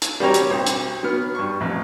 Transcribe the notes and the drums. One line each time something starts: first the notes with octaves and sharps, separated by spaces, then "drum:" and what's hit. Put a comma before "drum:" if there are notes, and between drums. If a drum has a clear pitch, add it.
drum: hi-hat
G3 C4 F#4 G4 C#5 A#5
drum: hi-hat
B1 C4
drum: hi-hat
F#3 B3 F6
G2 C#6
A1 F2